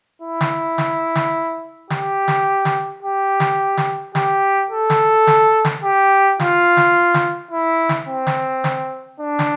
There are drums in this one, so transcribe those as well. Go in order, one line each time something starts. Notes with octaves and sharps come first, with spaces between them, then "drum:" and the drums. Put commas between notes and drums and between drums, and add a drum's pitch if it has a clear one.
E4
drum: snare
drum: snare
drum: snare
G4, drum: snare
drum: snare
drum: snare
G4
drum: snare
drum: snare
G4, drum: snare
A4
drum: snare
drum: snare
drum: snare
G4
F4, drum: snare
drum: snare
drum: snare
E4
drum: snare
C4
drum: snare
drum: snare
D4
drum: snare